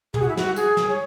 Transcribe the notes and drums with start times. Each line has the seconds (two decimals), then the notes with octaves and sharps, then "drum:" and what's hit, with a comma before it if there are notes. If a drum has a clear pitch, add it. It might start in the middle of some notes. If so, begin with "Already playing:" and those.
0.14 G#4, drum: tom
0.22 F#4
0.28 E4
0.37 F#4, drum: snare
0.56 G#4, drum: tambourine
0.77 drum: snare
0.89 C#5